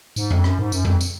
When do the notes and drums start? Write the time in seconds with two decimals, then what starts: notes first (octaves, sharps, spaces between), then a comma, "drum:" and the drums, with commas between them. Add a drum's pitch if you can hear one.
0.16 G#2, drum: tambourine
0.31 F2, drum: tom F2
0.44 F#2, drum: rim click
0.59 G#2
0.72 F#2, drum: tambourine
0.85 F2, drum: tom F2
1.01 drum: tambourine